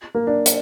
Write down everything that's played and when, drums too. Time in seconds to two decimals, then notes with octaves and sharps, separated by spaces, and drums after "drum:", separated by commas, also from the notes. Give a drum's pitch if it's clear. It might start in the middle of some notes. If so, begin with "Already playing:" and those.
0.15 A#3
0.27 D4
0.46 drum: hi-hat